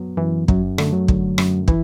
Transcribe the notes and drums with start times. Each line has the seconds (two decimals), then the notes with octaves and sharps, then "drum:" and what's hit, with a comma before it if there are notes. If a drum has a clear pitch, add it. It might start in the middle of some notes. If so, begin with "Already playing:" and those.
Already playing: F#2 F#3 B3
0.17 F#2 E3
0.48 F#2 F#3, drum: kick
0.78 D3 A3, drum: rim click
0.93 F#3
1.08 D3, drum: kick
1.38 F#2, drum: rim click
1.68 E3 E4, drum: kick